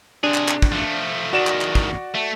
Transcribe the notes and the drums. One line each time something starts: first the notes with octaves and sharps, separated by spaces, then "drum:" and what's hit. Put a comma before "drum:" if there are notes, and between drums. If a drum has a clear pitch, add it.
C3 D4 G#4
drum: clap
drum: clap
drum: kick
F3 A3
E2 D#3 F#4 D5 E7
drum: clap
drum: clap
drum: kick
A3